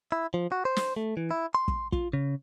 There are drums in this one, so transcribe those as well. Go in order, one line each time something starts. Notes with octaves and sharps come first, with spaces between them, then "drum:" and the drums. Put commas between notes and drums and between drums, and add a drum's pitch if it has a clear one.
E4
F3
F#4
C5
drum: snare
A3
E3
E4
C6
drum: kick
F4, drum: kick
C#3